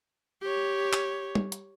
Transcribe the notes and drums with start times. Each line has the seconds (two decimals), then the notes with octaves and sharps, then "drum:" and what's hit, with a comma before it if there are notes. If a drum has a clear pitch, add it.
0.42 G4 C#5
0.93 drum: clap
1.35 drum: tom G3
1.52 drum: hi-hat